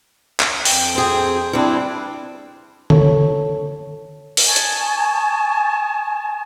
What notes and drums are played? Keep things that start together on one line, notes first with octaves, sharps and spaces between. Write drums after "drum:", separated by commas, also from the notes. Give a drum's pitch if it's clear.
drum: clap
F2 G5, drum: open hi-hat
C4 G#4
G3 C4 D4 E4
A4 C#5, drum: tom D3
drum: open hi-hat
G#5 A5 C#6 D#6
drum: hi-hat